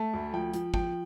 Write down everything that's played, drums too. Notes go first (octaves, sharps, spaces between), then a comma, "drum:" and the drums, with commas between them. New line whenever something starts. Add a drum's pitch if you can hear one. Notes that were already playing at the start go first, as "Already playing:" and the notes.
Already playing: A3 A5
D2
F3 G5
F3, drum: hi-hat
F3 G5, drum: kick